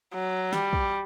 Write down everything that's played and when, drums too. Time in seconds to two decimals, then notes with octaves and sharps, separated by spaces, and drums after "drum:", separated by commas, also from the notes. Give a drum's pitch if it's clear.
0.14 F#3
0.53 G3, drum: snare
0.73 drum: kick